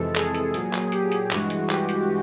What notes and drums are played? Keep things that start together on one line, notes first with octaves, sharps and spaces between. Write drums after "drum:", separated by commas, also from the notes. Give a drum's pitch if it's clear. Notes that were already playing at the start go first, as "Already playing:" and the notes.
Already playing: F2 C3 E3 G#3 A4
G#4, drum: clap
drum: hi-hat
A#2 F#3, drum: hi-hat
drum: clap
G4, drum: hi-hat
drum: hi-hat
G2 E3 G#3 F#4, drum: clap
drum: hi-hat
G4, drum: clap
drum: hi-hat